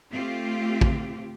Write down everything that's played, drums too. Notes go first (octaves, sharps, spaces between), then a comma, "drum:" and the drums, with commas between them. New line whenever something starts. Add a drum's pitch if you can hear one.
A3 C4 F4 G4
drum: kick